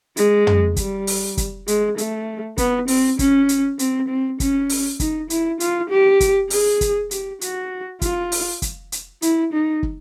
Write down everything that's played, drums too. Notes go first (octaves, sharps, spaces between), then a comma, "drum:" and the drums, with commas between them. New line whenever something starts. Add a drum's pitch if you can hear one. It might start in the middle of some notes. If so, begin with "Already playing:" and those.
G#3, drum: hi-hat
drum: tom
G3, drum: kick, hi-hat
drum: open hi-hat
drum: kick, hi-hat
G#3, drum: hi-hat
A3, drum: hi-hat
B3, drum: kick, hi-hat
C4, drum: open hi-hat
C#4, drum: kick, hi-hat
drum: hi-hat
C4, drum: hi-hat
C4
C#4, drum: kick, hi-hat
drum: open hi-hat
D#4, drum: kick, hi-hat
E4, drum: hi-hat
F4, drum: hi-hat
G4
drum: kick, hi-hat
G#4, drum: open hi-hat
drum: kick, hi-hat
G4, drum: hi-hat
F#4, drum: hi-hat
F4, drum: kick, hi-hat
drum: open hi-hat
drum: kick, hi-hat
drum: hi-hat
E4, drum: hi-hat
D#4
drum: kick